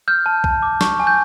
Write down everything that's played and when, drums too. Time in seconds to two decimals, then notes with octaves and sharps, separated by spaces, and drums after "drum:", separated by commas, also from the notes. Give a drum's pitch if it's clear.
0.08 F6 G6
0.26 A5
0.44 A5, drum: kick B1
0.63 D6
0.81 C#6, drum: snare
1.00 G#5
1.07 G6